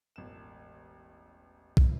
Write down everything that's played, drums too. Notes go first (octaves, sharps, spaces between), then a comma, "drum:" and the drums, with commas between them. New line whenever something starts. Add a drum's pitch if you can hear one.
E1 A1 E7
drum: kick